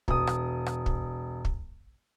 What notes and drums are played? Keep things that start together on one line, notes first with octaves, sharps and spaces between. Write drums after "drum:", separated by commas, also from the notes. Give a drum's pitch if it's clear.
E1 D#6, drum: kick
drum: rim click
drum: rim click
drum: kick
drum: kick